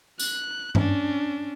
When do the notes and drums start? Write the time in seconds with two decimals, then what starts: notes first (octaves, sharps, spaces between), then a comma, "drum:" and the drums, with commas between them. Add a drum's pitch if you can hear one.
0.20 F#6, drum: tambourine
0.75 C#4 D4, drum: tom G2